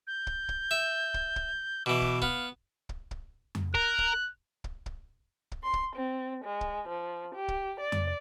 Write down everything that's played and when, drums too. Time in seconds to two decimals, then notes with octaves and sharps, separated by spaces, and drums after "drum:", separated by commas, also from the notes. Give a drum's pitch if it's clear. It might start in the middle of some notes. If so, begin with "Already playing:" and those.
0.07 G6
0.27 drum: kick
0.49 drum: kick
0.71 E5
1.14 drum: kick
1.36 drum: kick
1.86 B2 E3 D6
2.02 drum: kick
2.22 B3 F5, drum: kick
2.89 drum: kick
3.11 drum: kick
3.55 drum: tom F2
3.75 A#4 F#6, drum: kick
3.98 drum: kick
4.64 drum: kick
4.86 drum: kick
5.52 drum: kick
5.63 C6
5.73 drum: kick
5.95 C4
6.44 G#3
6.61 drum: kick
6.88 F3
7.35 G4
7.48 drum: kick
7.79 D5
7.92 drum: tom F2